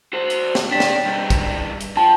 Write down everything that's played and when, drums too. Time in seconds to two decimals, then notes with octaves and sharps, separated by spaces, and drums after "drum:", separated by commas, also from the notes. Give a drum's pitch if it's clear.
0.13 F#4 C5
0.30 drum: hi-hat
0.55 drum: snare
0.71 D4 G4 G5 B6
0.80 drum: snare
1.05 G2 D#4
1.30 drum: kick, hi-hat
1.81 drum: hi-hat
1.97 F3 G5 A5